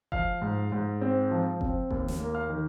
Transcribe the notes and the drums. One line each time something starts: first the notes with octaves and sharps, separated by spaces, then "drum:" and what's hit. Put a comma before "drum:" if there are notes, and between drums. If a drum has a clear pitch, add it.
F3 F5 F6, drum: kick F#1
G#2
G#2
C4
F3
C4, drum: kick F#1
D#2, drum: kick F#1
drum: snare
A#3
F5 F6
D#3